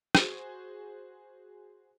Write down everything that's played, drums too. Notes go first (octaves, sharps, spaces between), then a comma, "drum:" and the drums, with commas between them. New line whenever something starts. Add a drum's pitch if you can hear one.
F#4 G#4 C5, drum: rim click